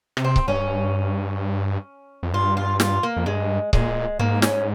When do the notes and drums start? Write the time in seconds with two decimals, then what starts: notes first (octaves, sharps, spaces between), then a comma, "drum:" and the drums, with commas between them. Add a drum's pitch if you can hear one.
0.17 C3, drum: rim click
0.24 C4
0.36 drum: kick C#1
0.48 G2 C#4
2.23 F2
2.34 G2 F4
2.57 F4
2.80 F4, drum: snare
3.03 A#3
3.17 F2
3.26 G2 G#3
3.73 A#2 G#3, drum: kick C#1
4.19 G#2 A#3
4.42 C#4, drum: snare